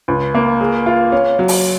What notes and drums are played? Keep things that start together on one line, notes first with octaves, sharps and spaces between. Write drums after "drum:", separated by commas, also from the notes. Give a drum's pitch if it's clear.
C#2
A#3
G#4
F4
C#4
F#3
drum: open hi-hat